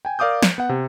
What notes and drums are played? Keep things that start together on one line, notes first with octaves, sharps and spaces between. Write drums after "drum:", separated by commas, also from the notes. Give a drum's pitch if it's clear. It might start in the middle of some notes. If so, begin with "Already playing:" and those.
G5 G#5
A#4 D5 F5 D6 D#6 G6
C#7, drum: snare
B3 F#5
C3